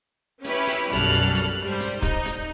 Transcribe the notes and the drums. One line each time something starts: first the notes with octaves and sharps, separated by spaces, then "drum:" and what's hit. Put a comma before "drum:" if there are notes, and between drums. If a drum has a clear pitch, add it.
C#4 E4 G4 B4, drum: hi-hat
drum: open hi-hat
B1 F#2 G3 A4 F6 F#6, drum: open hi-hat
drum: hi-hat
drum: hi-hat
G#2 G3 C5
drum: hi-hat
D#4, drum: kick, hi-hat
drum: hi-hat